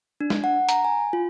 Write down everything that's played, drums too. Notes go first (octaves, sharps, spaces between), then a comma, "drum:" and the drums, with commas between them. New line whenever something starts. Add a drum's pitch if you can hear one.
D4
drum: snare
F#5
A#5, drum: hi-hat
G#5
F4